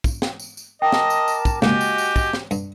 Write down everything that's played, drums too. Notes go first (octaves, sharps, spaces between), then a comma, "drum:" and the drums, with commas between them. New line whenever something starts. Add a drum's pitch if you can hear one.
drum: kick, tambourine
drum: snare
drum: tambourine
drum: tambourine
A#4 D#5 G5 A5 D6
drum: snare
drum: tambourine
drum: tambourine
drum: kick, tambourine
C#2 G#2 A#3 F#4 G4 D#5 G#5, drum: snare
drum: tambourine
drum: tambourine
drum: kick, tambourine
drum: snare
G2, drum: tambourine